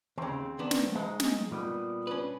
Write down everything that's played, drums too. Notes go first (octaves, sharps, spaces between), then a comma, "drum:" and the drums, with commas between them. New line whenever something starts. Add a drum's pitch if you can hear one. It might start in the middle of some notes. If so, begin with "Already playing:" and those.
D#2 C#3 C4
D#3 B3 D4
drum: snare
G#3 D#4 C5
drum: snare
A#2 G3 B3
C#4 D4 B4